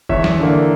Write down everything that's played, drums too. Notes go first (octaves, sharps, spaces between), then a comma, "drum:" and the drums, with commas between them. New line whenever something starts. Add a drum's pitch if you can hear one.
E2 C#5 E5, drum: kick
drum: snare
D3 A#3